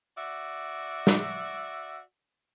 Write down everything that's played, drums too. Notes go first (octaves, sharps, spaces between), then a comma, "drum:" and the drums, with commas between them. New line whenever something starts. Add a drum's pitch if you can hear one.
F#4 D5 E5
drum: snare